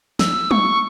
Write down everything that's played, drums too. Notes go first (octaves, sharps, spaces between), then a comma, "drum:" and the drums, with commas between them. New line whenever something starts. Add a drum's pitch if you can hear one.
E6, drum: snare
C#6, drum: tom